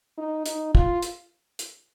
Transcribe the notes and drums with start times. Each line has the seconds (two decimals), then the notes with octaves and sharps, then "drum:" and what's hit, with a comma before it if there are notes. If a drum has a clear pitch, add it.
0.18 D#4
0.46 D#4, drum: hi-hat
0.75 F4, drum: kick
1.03 drum: hi-hat
1.59 drum: hi-hat